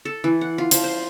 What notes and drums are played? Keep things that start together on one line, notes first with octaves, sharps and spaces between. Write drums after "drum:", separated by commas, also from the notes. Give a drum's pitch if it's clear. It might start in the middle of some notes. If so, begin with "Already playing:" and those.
A4
E3
F#5
F4
F3, drum: hi-hat
C5